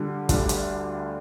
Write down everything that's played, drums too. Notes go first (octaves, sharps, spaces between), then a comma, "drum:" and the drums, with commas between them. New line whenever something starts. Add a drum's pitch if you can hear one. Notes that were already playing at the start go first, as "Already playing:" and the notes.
Already playing: D3 G3 D4 F4
D2 D3 G3 D4 F4, drum: kick, hi-hat
drum: hi-hat